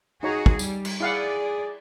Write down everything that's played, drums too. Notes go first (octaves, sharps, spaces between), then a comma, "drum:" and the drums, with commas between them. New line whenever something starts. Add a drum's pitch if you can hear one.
D#4 F#4 G#4 C#5 A#5
drum: kick
G3, drum: tambourine
drum: cymbal
E4 G#4 D5 F5 F#5